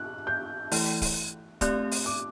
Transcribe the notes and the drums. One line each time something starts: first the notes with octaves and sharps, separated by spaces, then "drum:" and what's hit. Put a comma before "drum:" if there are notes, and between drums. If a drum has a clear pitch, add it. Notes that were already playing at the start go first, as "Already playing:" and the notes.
Already playing: F#6
G6
E3 A3 E4, drum: open hi-hat
drum: kick, open hi-hat
A3 C4 G4 D5 F#6, drum: kick, hi-hat
drum: open hi-hat
D6